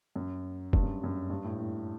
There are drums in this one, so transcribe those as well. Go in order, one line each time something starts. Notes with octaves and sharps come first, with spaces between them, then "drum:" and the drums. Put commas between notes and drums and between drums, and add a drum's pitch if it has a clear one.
F#2
G2, drum: kick
F#2
F#2
G2
A2
A2